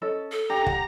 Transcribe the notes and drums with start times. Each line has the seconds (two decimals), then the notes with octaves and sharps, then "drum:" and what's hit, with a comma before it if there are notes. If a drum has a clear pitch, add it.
0.02 C#4 A4 D#5
0.32 A4
0.50 D4 G4 A#5
0.67 F#5, drum: kick